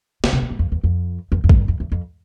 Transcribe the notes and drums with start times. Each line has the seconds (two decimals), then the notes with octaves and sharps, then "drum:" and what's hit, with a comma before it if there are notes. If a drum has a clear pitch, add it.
0.24 C#3, drum: snare
0.33 C3
0.42 A#2
0.50 G#2
0.59 F2
0.72 E2
0.84 F2
1.32 F2
1.44 F2
1.49 G2, drum: kick A1
1.68 F2
1.80 E2
1.92 F2